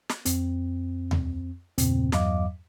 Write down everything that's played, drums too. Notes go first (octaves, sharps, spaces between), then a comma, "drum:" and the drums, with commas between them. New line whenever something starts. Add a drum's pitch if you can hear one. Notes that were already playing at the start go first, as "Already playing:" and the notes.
drum: snare
F2 C4, drum: hi-hat
drum: tom D#2
E2 G2 A#2 C#3 C4, drum: hi-hat
E2 G2 F#3 D#5 F5 D6, drum: snare